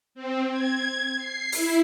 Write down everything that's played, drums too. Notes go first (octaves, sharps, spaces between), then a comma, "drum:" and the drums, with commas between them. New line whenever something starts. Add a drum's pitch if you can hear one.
C4
G#6
C7
E4, drum: open hi-hat